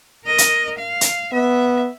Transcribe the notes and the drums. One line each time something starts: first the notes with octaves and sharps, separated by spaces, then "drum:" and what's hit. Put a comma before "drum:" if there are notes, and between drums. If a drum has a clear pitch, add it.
A#4 D#5
drum: hi-hat
F5
drum: hi-hat
B3 E5